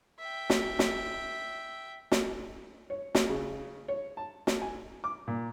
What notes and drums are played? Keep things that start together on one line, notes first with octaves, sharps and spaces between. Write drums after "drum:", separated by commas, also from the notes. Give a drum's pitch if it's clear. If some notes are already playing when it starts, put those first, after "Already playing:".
E5 G5
drum: snare
drum: snare
drum: snare
C#5
drum: snare
C#3
C#5
A5
drum: snare
G#5
D6
A#2